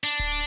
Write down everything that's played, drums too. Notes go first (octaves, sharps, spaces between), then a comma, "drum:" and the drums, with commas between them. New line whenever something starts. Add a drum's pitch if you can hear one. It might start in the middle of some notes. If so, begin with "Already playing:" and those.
D4
drum: kick D1